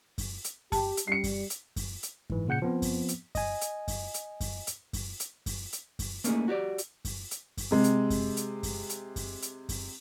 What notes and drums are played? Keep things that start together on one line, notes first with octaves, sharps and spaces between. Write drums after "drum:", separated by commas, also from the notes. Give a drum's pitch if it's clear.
drum: kick F#2, open hi-hat
drum: hi-hat
G4 A5, drum: kick F#2, open hi-hat
drum: hi-hat
G3 C7 C#7
drum: kick F#2, open hi-hat
drum: hi-hat
drum: kick F#2, open hi-hat
drum: hi-hat
G#2 E3, drum: kick F#2
A#2 C#3 F#5 G6 C#7
F3 B3 C4
drum: kick F#2, open hi-hat
drum: hi-hat
D#5 G#5, drum: kick F#2, open hi-hat
drum: hi-hat
drum: kick F#2, open hi-hat
drum: hi-hat
drum: kick F#2, open hi-hat
drum: hi-hat
drum: kick F#2, open hi-hat
drum: hi-hat
drum: kick F#2, open hi-hat
drum: hi-hat
drum: kick F#2, open hi-hat
A3 A#3 C#4 D#4 E4 G#4, drum: hi-hat
F#4 G4 C#5 D5
drum: hi-hat
drum: kick F#2, open hi-hat
drum: hi-hat
drum: kick F#2, open hi-hat
C3 G#3
drum: hi-hat
drum: kick F#2, open hi-hat
drum: hi-hat
drum: kick F#2, open hi-hat
drum: hi-hat
drum: kick F#2, open hi-hat
drum: hi-hat
drum: kick F#2, open hi-hat